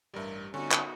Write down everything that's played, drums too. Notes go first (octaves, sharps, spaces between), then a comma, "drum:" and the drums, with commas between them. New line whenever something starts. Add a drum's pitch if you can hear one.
A1 G2 G3 A#4 E5
D3 B3 C#4 D#4 F#4
drum: clap